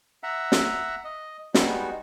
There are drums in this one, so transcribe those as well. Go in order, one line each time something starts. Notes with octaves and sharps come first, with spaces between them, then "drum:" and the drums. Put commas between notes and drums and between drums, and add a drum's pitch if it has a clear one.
E5 F#5 A#5
drum: snare
D#5
G3 G#3 B3 D#4 F#4, drum: snare